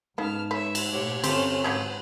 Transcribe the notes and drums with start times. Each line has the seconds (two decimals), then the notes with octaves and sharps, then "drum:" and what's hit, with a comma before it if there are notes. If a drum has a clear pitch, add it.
0.18 G#2 C#3 G#3 B3 D#4 A5 F6
0.51 B4 C#5 E5
0.75 drum: cymbal
0.91 A#2 A3 G4 C#5
1.24 G1 D3 C4 C#4 F4 G4 A4 C5, drum: cymbal
1.64 G#2 F#3 G4 G#4 B4